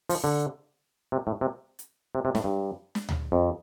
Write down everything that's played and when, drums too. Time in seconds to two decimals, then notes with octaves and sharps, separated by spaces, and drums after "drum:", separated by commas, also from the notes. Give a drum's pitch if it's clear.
0.09 F3, drum: open hi-hat
0.24 D3
1.12 C3
1.27 A2
1.41 C3
1.79 drum: hi-hat
2.15 C3
2.25 C3
2.35 A2, drum: snare
2.44 G2
2.95 drum: snare
3.09 drum: tom D2
3.32 F2